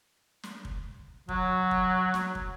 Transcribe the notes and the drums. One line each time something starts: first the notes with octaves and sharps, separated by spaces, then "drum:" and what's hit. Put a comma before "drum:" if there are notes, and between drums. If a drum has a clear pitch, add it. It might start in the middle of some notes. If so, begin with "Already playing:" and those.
drum: snare
drum: kick
F#3, drum: kick
drum: kick
drum: snare
drum: kick